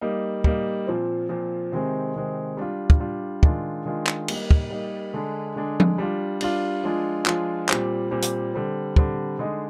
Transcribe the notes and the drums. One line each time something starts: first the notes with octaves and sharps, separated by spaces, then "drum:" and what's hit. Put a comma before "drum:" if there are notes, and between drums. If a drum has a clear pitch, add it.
G3 A#3 D#4
G3 A#3 D#4, drum: kick
A#2 F3 C4
A#2 F3 C4
C3 D#3 G#3 C4
C3 D#3 G#3 C4
G3 D4 F4
drum: kick
G3 D4 F4
D#3 G#3 D4 F4, drum: kick
D#3 G#3 D4 F4
drum: clap
G3 A#3 D#4, drum: cymbal
drum: kick
G3 A#3 D#4
D3 G#3 D4
D3 G#3 D4
drum: tom F3
G3 D4 F4
G3 D4 F4, drum: cymbal
F3 G#3 D4 F4
F3 G#3 D4 F4, drum: clap
A#2 G3 C4, drum: clap
A#2 G3 C4
drum: hi-hat
D3 G3 C4
D3 G3 C4, drum: kick
D3 G#3 D#4